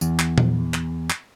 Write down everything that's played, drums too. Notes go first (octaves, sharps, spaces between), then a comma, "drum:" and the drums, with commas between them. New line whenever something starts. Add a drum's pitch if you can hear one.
E2, drum: tambourine
drum: clap
drum: tom A#2
drum: clap
drum: clap